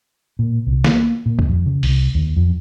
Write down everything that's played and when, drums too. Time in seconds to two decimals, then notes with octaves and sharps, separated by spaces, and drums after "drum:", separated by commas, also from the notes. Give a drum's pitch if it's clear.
0.39 A#2
0.67 C2
0.84 A#3, drum: snare
1.26 A#2
1.39 drum: kick
1.49 F2
1.66 C#3
1.83 C2, drum: open hi-hat
2.15 D#2
2.37 F2